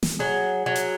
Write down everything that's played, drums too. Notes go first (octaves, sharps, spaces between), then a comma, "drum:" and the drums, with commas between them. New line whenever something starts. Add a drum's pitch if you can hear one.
drum: snare
F#3 G#4
F#3
drum: hi-hat